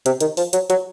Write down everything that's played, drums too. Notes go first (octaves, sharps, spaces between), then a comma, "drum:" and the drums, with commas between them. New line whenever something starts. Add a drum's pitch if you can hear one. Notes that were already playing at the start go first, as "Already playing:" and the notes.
C3, drum: hi-hat
D#3, drum: hi-hat
F3, drum: open hi-hat
F#3, drum: hi-hat
F#3, drum: hi-hat